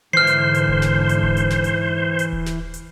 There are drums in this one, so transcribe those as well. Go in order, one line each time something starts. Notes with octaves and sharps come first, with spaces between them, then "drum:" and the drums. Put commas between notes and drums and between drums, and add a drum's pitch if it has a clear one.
G#2 D3 E3 C5 F6 C7
drum: hi-hat
drum: hi-hat
drum: kick D#1
drum: snare
drum: hi-hat
drum: kick D#1
drum: hi-hat
drum: snare
drum: hi-hat
drum: hi-hat
drum: kick D#1
drum: snare
drum: hi-hat